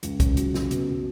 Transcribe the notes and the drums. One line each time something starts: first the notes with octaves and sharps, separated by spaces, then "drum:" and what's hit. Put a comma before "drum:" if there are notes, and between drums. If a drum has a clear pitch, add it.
C#2, drum: hi-hat
C#4, drum: kick B1, hi-hat
F#3, drum: hi-hat
C#3, drum: snare
B2, drum: hi-hat
B2